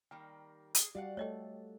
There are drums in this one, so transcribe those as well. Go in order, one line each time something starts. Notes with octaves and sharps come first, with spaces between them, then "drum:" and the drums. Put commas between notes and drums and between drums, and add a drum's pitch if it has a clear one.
D#3 G3 A#3 G5
G#4, drum: hi-hat
G3 F#4 G4 D5 F5 F#5
A3 A4 C#5 D#5 G5